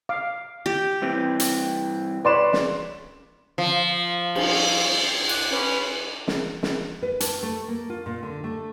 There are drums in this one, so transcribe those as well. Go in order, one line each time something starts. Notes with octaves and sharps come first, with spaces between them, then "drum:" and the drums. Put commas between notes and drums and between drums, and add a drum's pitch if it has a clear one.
F5 D6
G4
C2 E3 C4
drum: hi-hat
B4 C#5 D5 C6 E7
drum: snare
F3
drum: cymbal
D6 F#6, drum: cymbal
C#4 B4
drum: snare
drum: snare
B4
A5, drum: hi-hat
A3
A#3
F4
A#2
D3
A3